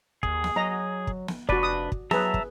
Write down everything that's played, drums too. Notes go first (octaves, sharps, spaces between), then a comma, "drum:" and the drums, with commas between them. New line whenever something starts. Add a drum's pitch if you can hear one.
D#2 G#4, drum: kick
drum: snare
F#3 D#5 A#5
drum: kick
drum: snare
F1 D4 F#4 B4 D5, drum: kick
D#6
drum: kick
F#3 G#4 B4 E5 A5 A#5, drum: snare
drum: kick